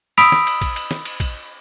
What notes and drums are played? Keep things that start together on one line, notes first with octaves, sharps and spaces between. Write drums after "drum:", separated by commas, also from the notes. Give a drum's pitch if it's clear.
B5 D#6 E6 B6 D7 F7, drum: cymbal
drum: snare
drum: cymbal
drum: kick A#1, cymbal
drum: cymbal
drum: snare
drum: cymbal
drum: kick A#1, cymbal